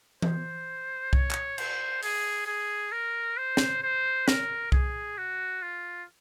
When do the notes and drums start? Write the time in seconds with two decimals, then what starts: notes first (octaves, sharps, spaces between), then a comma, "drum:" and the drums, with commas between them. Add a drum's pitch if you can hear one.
0.22 C5, drum: tom E3
1.13 C#5, drum: kick C2
1.31 drum: clap
1.58 C5, drum: cymbal
2.03 G#4, drum: open hi-hat
2.47 G#4
2.92 A#4
3.37 C5
3.57 drum: snare
3.83 C5
4.28 A#4, drum: snare
4.72 G#4, drum: kick C2
5.18 F#4
5.62 F4